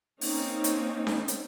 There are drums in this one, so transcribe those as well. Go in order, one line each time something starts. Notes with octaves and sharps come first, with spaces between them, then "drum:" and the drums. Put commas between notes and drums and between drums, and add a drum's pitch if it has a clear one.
A#3 C4 C#4 D#4, drum: open hi-hat
drum: hi-hat
drum: snare D4
drum: hi-hat